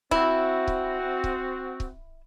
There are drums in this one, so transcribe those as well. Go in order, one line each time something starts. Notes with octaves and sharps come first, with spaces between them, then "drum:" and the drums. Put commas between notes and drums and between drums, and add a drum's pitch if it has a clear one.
C4 E4 F#4, drum: kick C#1
drum: kick C#1
drum: kick C#1
drum: kick C#1